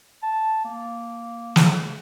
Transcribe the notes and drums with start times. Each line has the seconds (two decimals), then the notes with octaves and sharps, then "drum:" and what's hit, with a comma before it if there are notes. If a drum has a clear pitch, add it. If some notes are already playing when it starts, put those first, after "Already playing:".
0.23 A5
0.65 A#3
1.56 drum: snare